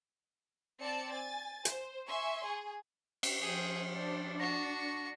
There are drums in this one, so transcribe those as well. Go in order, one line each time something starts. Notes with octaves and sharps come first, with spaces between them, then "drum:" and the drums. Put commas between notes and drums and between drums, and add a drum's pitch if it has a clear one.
C4 D5 A5 C#7
G#5 A6
C5, drum: hi-hat
E5 G#5 C6 C#6
G#4
drum: cymbal
F3 G#4 G5
D4 C5
F#4 C#6 A#6